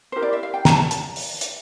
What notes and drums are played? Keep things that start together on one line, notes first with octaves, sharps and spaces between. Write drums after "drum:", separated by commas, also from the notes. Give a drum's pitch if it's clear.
E4 G4 A#4 C5
D5
E5
F5
G5
A#5, drum: snare
A5
A5, drum: hi-hat
drum: open hi-hat
drum: hi-hat